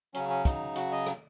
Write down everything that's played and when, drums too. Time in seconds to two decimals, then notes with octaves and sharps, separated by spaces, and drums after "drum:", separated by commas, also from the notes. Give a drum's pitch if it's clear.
0.14 C#3 F#3 C#4, drum: hi-hat
0.29 C#4
0.45 D#4, drum: kick, hi-hat
0.76 F#4, drum: hi-hat
0.92 D#5
1.06 drum: rim click